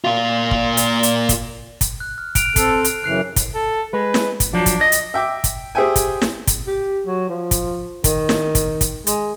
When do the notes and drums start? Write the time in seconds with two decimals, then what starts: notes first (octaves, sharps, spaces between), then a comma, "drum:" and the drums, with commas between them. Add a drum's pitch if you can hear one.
0.04 A#2 F4
0.51 drum: kick
0.77 drum: hi-hat
1.03 drum: hi-hat
1.29 drum: kick, hi-hat
1.81 drum: kick, hi-hat
2.00 F#6
2.18 F6
2.35 F#6 D7 F7, drum: kick, hi-hat
2.56 C4 A4 C7, drum: kick, hi-hat
2.85 drum: hi-hat
3.04 F#2 C#3 E3 F#6 C7 F7
3.36 drum: kick, hi-hat
3.55 A4
3.93 G#3 B4
4.14 drum: snare
4.40 drum: kick, hi-hat
4.53 F3 F#3 D4
4.66 drum: kick, hi-hat
4.81 D#5
4.92 drum: hi-hat
5.14 E5 G5 D6
5.44 drum: kick, hi-hat
5.75 G4 G#4 C5 E5 G5 G#5
5.96 drum: kick, hi-hat
6.22 drum: snare
6.47 drum: kick, hi-hat
6.67 G4
7.07 F#3
7.29 F3
7.51 drum: kick, hi-hat
8.04 D#3, drum: kick, hi-hat
8.29 drum: snare
8.55 drum: kick, hi-hat
8.81 drum: kick, hi-hat
9.07 G#3, drum: hi-hat